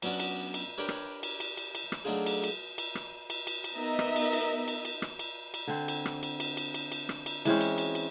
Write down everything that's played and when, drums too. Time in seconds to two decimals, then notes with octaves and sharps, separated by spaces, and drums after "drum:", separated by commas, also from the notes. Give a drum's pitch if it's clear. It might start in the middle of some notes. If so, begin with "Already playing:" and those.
0.02 F#3 B3 C#4 D4 F#4, drum: cymbal
0.20 drum: cymbal
0.54 drum: cymbal
0.78 D4 G4 A#4 B4 C#5
0.89 drum: rim click
1.23 drum: cymbal
1.40 drum: cymbal
1.57 drum: cymbal
1.75 drum: cymbal
1.92 drum: rim click
2.05 F#3 A3 D4 D#4 F4 G#4
2.26 drum: cymbal
2.44 drum: cymbal
2.78 drum: cymbal
2.95 drum: rim click
3.30 drum: cymbal
3.47 drum: cymbal
3.64 drum: cymbal
3.76 B3 D#4 A#4 D#5 E5 A#5
3.99 drum: rim click
4.16 drum: cymbal
4.33 drum: cymbal
4.68 drum: cymbal
4.85 drum: cymbal
5.02 drum: rim click
5.19 drum: cymbal
5.54 drum: cymbal
5.67 D3 C4
5.88 drum: cymbal
6.06 drum: rim click
6.23 drum: cymbal
6.40 drum: cymbal
6.57 drum: cymbal
6.74 drum: cymbal
6.92 drum: cymbal
7.09 drum: rim click
7.26 drum: cymbal
7.45 E3 G#3 C4 C#4, drum: cymbal
7.61 drum: cymbal
7.78 drum: cymbal
7.95 drum: cymbal